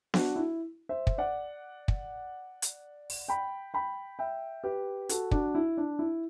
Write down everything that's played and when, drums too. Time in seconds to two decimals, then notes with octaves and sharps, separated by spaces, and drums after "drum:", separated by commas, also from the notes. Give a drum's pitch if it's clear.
0.14 D4 F#4, drum: snare B3
0.36 E4
0.89 C5 E5
1.07 drum: kick
1.18 D5 F#5
1.88 drum: kick
2.62 drum: hi-hat
3.10 drum: open hi-hat
3.28 G5 B5
3.74 G5 B5
4.19 E5 G5
4.64 G4 B4
5.09 F#4 A4, drum: hi-hat
5.31 D4 F#4, drum: kick
5.55 E4
5.77 D4
5.99 E4